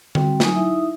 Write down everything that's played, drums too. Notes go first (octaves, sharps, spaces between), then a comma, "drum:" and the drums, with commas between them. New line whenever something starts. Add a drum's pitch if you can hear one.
G3 C4 F#4 G5, drum: tom D3
F#3 D#4 G#5 D#6, drum: snare
D#4 E4 E5 D#6